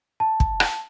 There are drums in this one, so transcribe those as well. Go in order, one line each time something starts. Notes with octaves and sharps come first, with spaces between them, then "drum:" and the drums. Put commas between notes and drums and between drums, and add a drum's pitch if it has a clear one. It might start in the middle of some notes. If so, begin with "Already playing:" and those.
A5
drum: kick
drum: rim click